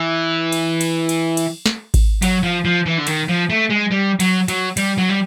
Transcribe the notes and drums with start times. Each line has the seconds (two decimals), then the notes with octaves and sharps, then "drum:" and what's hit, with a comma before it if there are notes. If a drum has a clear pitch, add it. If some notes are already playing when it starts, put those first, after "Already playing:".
Already playing: E3
0.52 drum: cymbal
0.81 drum: cymbal
1.09 drum: cymbal
1.37 drum: cymbal
1.66 drum: snare
1.94 drum: kick G#1, cymbal
2.22 F#3, drum: cymbal
2.43 F3
2.65 F3
2.86 E3
2.98 D3
3.07 D#3, drum: cymbal
3.28 F3
3.50 A3
3.70 G#3
3.92 G3
4.20 F#3, drum: cymbal
4.48 F#3, drum: cymbal
4.77 G3, drum: cymbal
4.98 F#3
5.09 G3